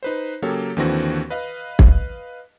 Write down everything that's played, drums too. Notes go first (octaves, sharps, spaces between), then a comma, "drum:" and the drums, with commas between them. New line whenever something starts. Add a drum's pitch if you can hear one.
D#4 B4 C5
C#3 F#3 A#3 G4 A4 C#5
D#2 D3 E3 C4 F#4 A#6
B4 D#5 F5
drum: kick